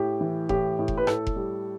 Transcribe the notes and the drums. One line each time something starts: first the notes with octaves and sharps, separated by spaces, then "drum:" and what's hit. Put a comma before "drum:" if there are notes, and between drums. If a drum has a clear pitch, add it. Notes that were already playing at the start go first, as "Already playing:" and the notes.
Already playing: A2 G4
E3
A2 G4, drum: kick F1
A2
drum: kick F1
B4
A2 A4, drum: rim click
drum: kick F1
G3